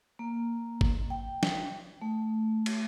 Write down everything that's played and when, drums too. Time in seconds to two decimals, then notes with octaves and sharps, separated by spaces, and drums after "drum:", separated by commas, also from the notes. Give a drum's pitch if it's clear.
0.19 A#3
0.81 drum: kick G1
1.10 G5
1.43 drum: snare
2.02 A3
2.66 drum: cymbal